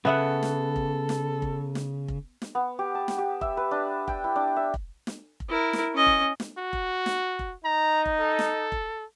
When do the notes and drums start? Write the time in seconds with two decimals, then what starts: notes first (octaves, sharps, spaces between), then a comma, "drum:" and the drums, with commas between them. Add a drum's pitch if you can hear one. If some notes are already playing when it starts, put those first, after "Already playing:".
0.05 C#3 B3 A4 E5 F#5
0.43 drum: snare
0.76 drum: kick F1
1.09 drum: snare
1.42 drum: kick F1
1.75 drum: snare
2.08 drum: kick F1
2.42 drum: snare
2.55 B3
2.79 G4
2.95 A5
3.08 drum: snare
3.18 G4
3.41 E5, drum: kick F1
3.57 B4
3.71 D4
4.08 G5, drum: kick F1
4.24 E4
4.36 D4
4.56 E5
4.74 drum: kick F1
5.07 drum: snare
5.40 drum: kick F1
5.49 E4 A#4
5.73 drum: snare
5.95 C#4 D#5
6.06 drum: kick F1
6.40 drum: snare
6.58 F#4
6.73 drum: kick F1
7.06 drum: snare
7.39 drum: kick F1
7.65 D#4 A#5
8.06 drum: kick F1
8.20 A4
8.39 drum: snare
8.72 drum: kick F1